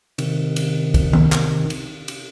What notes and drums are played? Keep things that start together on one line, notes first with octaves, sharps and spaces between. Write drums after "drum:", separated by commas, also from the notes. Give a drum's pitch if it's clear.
C3 D#3, drum: cymbal
drum: cymbal
drum: kick, cymbal
drum: tom D#3
drum: clap
drum: cymbal
drum: cymbal